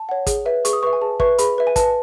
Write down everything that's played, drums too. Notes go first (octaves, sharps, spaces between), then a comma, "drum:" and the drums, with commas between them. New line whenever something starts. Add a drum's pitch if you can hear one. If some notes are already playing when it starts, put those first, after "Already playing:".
Already playing: A5
C#5 F#5
G#4, drum: kick, hi-hat
B4 E5
G#4 C#6, drum: hi-hat
D#6
B4 E5 C#6
G#5
G#4 A5
B4 E5 C#6, drum: kick
G#4 B5, drum: hi-hat
B4 E5
G#5
B4 A5, drum: kick, hi-hat